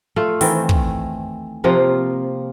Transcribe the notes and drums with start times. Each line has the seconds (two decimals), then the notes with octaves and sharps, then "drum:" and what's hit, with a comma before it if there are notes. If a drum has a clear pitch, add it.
0.16 A3 F4
0.41 D#3 E3 C4 A4, drum: open hi-hat
0.69 drum: kick
1.64 C3 F3 A#3 F4